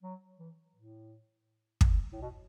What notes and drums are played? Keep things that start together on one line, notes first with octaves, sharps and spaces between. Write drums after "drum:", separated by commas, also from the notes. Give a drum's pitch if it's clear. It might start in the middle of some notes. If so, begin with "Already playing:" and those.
F#3
E3
A2
drum: kick
A2
B2